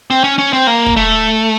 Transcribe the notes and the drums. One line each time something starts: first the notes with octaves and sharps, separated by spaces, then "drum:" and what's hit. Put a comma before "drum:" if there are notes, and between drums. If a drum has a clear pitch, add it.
C4
C#4
C#4
C4
A#3
drum: kick
A3